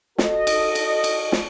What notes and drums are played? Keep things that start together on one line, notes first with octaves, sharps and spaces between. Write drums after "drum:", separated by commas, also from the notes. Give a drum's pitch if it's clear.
F#4 A4 D#5, drum: snare
drum: cymbal
drum: cymbal
drum: cymbal
drum: snare